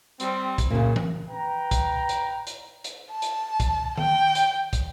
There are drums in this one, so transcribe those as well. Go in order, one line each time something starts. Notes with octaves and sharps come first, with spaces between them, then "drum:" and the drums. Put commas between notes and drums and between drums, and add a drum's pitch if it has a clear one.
G3 C4, drum: hi-hat
drum: kick, hi-hat
F#2 A#2 C#3
drum: tom E3
B4 G5 A#5
drum: kick, hi-hat
drum: hi-hat
drum: hi-hat
drum: hi-hat
A5
drum: hi-hat
drum: kick, hi-hat
G5, drum: tom D#3
drum: hi-hat
drum: kick, hi-hat